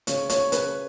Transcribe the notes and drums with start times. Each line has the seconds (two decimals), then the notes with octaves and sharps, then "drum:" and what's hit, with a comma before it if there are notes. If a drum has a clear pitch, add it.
0.07 C#3 C#5, drum: hi-hat
0.30 C#5, drum: hi-hat
0.52 C#3 B4, drum: hi-hat